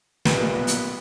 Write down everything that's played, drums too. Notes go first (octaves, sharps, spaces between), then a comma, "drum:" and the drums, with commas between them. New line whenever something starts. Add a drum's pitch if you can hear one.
B1 A#2 G3 B3 B4, drum: snare
A#4
B3 B4
drum: hi-hat